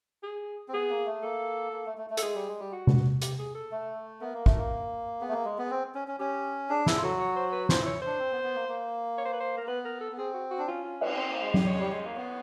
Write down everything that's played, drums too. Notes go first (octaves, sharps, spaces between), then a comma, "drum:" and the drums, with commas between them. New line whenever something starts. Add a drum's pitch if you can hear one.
G#4
C4
B3 G#4
A#3
A3
A#3 A4
A#3
A3
A3
A3
A4, drum: hi-hat
G#3 G#4
G3
G#3
G3
F#4
drum: tom C3
G4, drum: hi-hat
G#4
A4
A3
B3 A#4
A#3
A3, drum: kick
A#3
B3 G#4
A3
A#3
G#3
B3
C4
C#4
C#4
C#4 G4
D4 G#4
E4 G#4, drum: snare
F4
F#3 F#4 A4
C#5
C5
B4
F4 C5, drum: snare
E4 C#5
D4 C5
C4
B3
B3
A#3
A#3
C#5
C5
B4
C5
A#4
A#3
B3 B4
A#4
A4
B3
C4 G#4
F#4
F#4
D4
C#4 F4
F4
B4, drum: cymbal
C4 C5
A#3
G#3
G3, drum: tom F#3
G#3 C#5
G3
G#3
A#3
B3 C#5